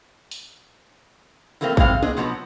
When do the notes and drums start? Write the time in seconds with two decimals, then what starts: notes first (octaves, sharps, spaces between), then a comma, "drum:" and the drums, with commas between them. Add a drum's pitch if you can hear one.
0.31 drum: open hi-hat
1.61 E3 F3 A3 A#3 C4
1.77 A2 E3 G#3 C4 F5, drum: kick A1
2.02 D4 G#4 C5 D#5, drum: tom
2.17 B2 F3 F#3 A#3 B3